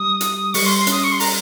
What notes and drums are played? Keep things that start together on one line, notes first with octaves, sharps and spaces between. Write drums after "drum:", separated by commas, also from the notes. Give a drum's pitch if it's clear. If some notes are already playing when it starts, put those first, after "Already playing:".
Already playing: G3 D#6
drum: hi-hat
G3 C#6, drum: open hi-hat
C6
C6
C#4 D#6, drum: hi-hat
C#6
C6
A#5, drum: open hi-hat